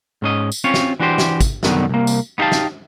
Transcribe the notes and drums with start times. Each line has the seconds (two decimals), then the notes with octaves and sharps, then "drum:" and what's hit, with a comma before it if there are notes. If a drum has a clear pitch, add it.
0.22 G#2 C#4 D#5
0.52 drum: tambourine
0.64 C4 C#4 F4 C#5
0.74 drum: snare
1.00 E3 D4 F#4 G4 C5
1.18 drum: snare
1.41 drum: kick, tambourine
1.63 C2 F#2 D3 D#3 B3, drum: snare
1.89 C2 A#3
2.07 drum: tambourine
2.38 B3 D#4 G4 F5 A5
2.52 drum: snare